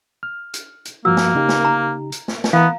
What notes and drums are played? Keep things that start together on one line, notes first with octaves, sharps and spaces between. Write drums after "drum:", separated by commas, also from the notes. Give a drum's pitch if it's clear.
F6
drum: hi-hat
drum: hi-hat
G2 F3 A#3 F#4 E6
drum: snare
C#3 D#4 G4
drum: snare
A#5
drum: hi-hat
drum: snare
drum: snare
E3 B3 F5 A#5